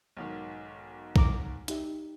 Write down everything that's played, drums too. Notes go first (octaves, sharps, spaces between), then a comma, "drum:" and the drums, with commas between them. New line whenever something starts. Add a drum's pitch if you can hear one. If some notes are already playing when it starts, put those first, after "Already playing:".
B1 G#2 D#3
A#5 D6, drum: kick
D#4 G4 E5, drum: hi-hat